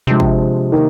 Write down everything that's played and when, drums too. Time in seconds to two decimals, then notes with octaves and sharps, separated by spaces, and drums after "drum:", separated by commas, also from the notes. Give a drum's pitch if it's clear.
0.07 C3 F3 G#3 D4
0.20 drum: kick G1
0.72 D#3 A#3 D#4